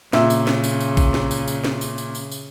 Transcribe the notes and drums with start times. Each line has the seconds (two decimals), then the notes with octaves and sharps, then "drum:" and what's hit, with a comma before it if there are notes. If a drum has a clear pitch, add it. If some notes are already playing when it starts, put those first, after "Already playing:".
0.13 A#2 C#3 E5, drum: snare C4
0.30 drum: tambourine
0.47 drum: snare C4
0.64 drum: tambourine
0.80 drum: tambourine
0.97 drum: kick A1, tambourine
1.14 drum: snare C4
1.31 drum: tambourine
1.48 drum: tambourine
1.64 drum: snare C4
1.81 drum: tambourine
1.98 drum: tambourine
2.15 drum: tambourine
2.31 drum: tambourine